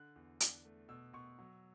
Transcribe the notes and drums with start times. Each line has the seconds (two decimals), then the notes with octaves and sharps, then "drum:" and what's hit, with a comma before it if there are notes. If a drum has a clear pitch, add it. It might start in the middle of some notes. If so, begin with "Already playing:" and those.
Already playing: D3 F#6
0.16 E2
0.40 D4, drum: hi-hat
0.65 A3
0.89 B2 E6
1.13 B2 C#6
1.38 F#3